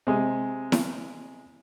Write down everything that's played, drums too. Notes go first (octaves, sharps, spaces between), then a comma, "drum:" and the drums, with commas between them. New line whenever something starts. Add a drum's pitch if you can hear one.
C3 G#3
drum: snare E4